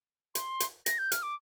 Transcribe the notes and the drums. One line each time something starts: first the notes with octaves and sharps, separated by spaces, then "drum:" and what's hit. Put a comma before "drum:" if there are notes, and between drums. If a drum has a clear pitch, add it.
C6, drum: hi-hat
drum: hi-hat
A#6, drum: hi-hat
G6
F6, drum: hi-hat
D6